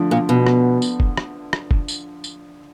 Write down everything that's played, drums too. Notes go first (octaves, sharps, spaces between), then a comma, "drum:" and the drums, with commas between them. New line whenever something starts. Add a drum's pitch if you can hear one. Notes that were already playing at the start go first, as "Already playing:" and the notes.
Already playing: D3 F3 A3
A#2
B2
drum: rim click
drum: tambourine
drum: kick F1
drum: rim click
drum: rim click
drum: kick F1
drum: tambourine
drum: tambourine